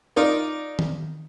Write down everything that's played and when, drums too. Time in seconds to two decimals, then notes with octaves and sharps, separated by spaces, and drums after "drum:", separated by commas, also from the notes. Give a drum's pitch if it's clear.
0.16 D#4 F4 A#4 D5
0.79 drum: tom D#3